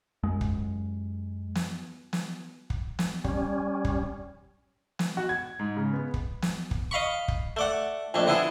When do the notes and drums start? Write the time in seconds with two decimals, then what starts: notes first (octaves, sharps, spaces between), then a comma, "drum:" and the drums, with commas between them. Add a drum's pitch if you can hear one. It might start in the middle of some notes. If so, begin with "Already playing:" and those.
0.23 F#2 G#3
0.41 drum: kick
1.55 drum: snare
2.13 drum: snare
2.70 drum: kick
2.99 drum: snare
3.24 G3 C#4, drum: kick
3.85 drum: kick
4.99 drum: snare
5.17 F#4
5.29 G#6
5.59 G#2
5.77 C#3
5.93 B3
6.14 drum: kick
6.42 drum: snare
6.71 drum: kick
6.91 D#5 F5 B5 C#6
7.28 drum: kick
7.57 A3 D5 F#5
8.14 A#1 F2 A3 D4
8.27 D3 B3 E4 G#4 A4